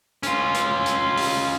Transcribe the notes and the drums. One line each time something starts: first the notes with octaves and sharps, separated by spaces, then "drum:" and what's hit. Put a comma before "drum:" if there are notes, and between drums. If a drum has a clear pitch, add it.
C#4 F4, drum: hi-hat
drum: hi-hat
drum: hi-hat
drum: open hi-hat